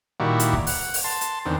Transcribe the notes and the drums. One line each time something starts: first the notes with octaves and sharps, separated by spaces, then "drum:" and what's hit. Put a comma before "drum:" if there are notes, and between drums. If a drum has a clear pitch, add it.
A#2 D#3 G3 E4 F#4
drum: hi-hat
drum: kick
F#5, drum: open hi-hat
drum: open hi-hat
A5 C6
drum: hi-hat
E2 D3 D#3 C4